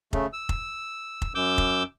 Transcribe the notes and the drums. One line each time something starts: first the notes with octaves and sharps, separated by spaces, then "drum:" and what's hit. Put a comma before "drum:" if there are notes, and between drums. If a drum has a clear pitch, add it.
C#3 A3, drum: kick
E6
drum: kick
drum: kick
F#2 D6 E6 G6
drum: kick